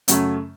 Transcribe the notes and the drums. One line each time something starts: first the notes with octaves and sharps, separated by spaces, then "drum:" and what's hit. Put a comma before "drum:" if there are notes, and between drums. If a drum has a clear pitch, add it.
F#2 C#3 F#3 A3, drum: hi-hat